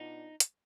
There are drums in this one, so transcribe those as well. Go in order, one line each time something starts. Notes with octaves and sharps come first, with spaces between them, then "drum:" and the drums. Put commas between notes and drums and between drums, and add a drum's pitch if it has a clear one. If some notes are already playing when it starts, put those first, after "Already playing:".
Already playing: B2 B3 D4 D#4 F4
drum: hi-hat